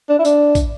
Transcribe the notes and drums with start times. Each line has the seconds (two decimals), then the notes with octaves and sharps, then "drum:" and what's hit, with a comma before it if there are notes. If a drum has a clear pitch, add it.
0.09 D4
0.19 E4
0.25 D4, drum: tambourine
0.55 drum: kick, tambourine